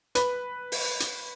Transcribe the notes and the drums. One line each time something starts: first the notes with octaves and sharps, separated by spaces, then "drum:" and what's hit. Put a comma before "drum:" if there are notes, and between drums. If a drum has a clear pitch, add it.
B4, drum: hi-hat
drum: open hi-hat
drum: hi-hat